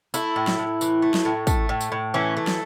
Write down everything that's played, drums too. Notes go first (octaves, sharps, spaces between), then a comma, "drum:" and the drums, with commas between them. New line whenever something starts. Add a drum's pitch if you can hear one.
A3 E4, drum: tambourine
A2
drum: snare
A2
E3, drum: tambourine
A3
drum: snare
A2
A3, drum: kick, tambourine
A2
drum: tambourine
A2
E3 C#4
A3
drum: snare